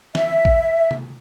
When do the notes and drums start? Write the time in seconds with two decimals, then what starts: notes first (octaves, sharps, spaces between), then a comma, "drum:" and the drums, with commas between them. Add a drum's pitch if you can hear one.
0.15 E5, drum: snare
0.45 drum: kick A1
0.91 drum: tom C3